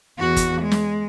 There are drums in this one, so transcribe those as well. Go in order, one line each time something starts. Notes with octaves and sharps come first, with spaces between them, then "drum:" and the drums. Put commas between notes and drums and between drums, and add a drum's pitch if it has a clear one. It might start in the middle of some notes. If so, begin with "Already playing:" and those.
E2 F#4
drum: kick G1, hi-hat
G#3
drum: snare